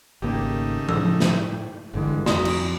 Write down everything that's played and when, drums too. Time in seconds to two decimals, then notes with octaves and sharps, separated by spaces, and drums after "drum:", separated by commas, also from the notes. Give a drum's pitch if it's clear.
0.22 G#1 C#3 A3 A#3 D#4 G4
0.89 A2 E6, drum: tom F3
1.20 drum: snare
1.93 G1 G2 D3 E3 G#3
2.26 F2 F#4 C#5 A#5 B5 D#6 E7, drum: snare
2.45 drum: cymbal